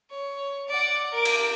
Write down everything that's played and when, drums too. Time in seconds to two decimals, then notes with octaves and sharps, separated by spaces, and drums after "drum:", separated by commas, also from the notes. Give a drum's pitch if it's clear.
0.10 C#5
0.68 D5 F#5
1.12 A#4 D6
1.25 drum: cymbal